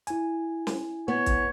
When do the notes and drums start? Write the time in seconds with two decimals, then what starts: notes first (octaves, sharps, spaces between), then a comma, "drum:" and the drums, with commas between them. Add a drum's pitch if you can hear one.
0.07 E4 G#5, drum: hi-hat
0.67 drum: snare
1.08 B3 C#5
1.26 drum: kick, hi-hat